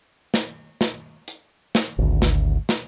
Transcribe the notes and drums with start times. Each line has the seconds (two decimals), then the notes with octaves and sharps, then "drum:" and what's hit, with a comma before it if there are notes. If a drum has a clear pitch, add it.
0.34 drum: snare
0.81 drum: snare
1.28 drum: hi-hat
1.75 drum: snare
1.98 G#1 D2
2.22 drum: snare
2.69 drum: snare